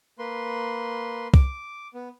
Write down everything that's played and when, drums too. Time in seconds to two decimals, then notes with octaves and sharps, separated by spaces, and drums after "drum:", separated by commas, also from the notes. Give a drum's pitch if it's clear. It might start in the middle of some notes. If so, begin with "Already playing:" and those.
0.19 A#3 B4 C6
1.34 D6, drum: kick
1.94 B3